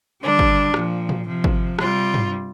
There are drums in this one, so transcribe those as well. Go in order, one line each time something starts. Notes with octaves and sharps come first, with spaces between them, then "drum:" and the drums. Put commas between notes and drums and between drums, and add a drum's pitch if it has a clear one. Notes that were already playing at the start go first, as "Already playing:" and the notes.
D3 G3 D4
drum: kick G#1
A#2 F3, drum: rim click
drum: tom A2
C3 F3
drum: kick G#1
C3 G3 F4, drum: rim click
drum: tom G2